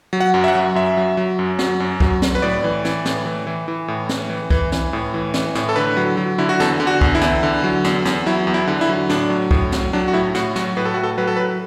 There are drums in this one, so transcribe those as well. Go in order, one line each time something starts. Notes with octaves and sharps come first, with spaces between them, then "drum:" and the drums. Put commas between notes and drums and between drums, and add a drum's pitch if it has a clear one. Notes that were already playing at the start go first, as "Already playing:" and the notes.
F#3
F#5
F#2
E5
F#5
F#3
F#2 E5
F#3
F#3
F#2
F#3, drum: snare
F#2
F#3, drum: kick
F#3, drum: snare
B4
A2 D5
E3
E3, drum: snare
A2, drum: snare
E3
E3
E3
A2
E3, drum: snare
E3
E3, drum: kick
E3, drum: snare
A2
E3
E3, drum: snare
A2, drum: snare
A4
D3 B4
F#3
F#3
D3 E4
F#4
E2 A4, drum: snare
D3
F#4
E2, drum: kick
E4
E2, drum: snare
D3
F#3
E2, drum: snare
E2, drum: snare
F#3 E4
E2
E4
D3
E4
F#3
A2 D4, drum: snare
F#3
A2, drum: kick
F#3, drum: snare
F#3 D4
F#4
A2 E4
A2 F#4, drum: snare
F#3 F#4, drum: snare
A2 B4
A4
A2 F#4
A4
F#3 B4
A4
B4
F#3